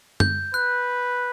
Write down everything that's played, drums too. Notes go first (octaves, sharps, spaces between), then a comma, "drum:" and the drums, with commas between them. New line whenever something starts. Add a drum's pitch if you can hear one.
G6, drum: tom
B4 F#6